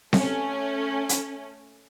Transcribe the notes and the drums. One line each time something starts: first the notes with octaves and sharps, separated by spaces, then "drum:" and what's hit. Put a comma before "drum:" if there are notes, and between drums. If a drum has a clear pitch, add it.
A3 C#4, drum: snare C4
drum: hi-hat